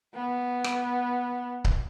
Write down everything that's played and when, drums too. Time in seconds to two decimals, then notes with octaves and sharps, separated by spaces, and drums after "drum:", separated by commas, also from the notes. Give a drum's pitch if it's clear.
0.14 B3
0.64 drum: rim click
1.64 drum: kick C#1